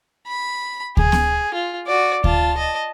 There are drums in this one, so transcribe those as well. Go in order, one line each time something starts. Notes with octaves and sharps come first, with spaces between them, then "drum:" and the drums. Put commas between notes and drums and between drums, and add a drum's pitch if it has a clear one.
B5
G#4, drum: kick D2
drum: snare B3
F4
F#4 D5
F4 A5, drum: kick D2
D#5 A5